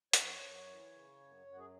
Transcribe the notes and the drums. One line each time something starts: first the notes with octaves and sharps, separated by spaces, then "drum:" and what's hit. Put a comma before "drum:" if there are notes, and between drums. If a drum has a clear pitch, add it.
F#2 C#5, drum: hi-hat
F#2
E3
C#3
F#2
F#2
F#4
G#4